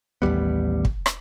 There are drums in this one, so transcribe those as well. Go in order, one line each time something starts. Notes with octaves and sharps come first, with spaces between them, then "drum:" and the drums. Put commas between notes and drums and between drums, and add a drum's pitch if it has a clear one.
A1 D#2 G3 B3
drum: kick
drum: rim click